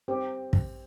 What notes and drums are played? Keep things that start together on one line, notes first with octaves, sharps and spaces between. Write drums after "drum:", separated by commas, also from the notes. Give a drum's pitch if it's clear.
C4 G4
drum: kick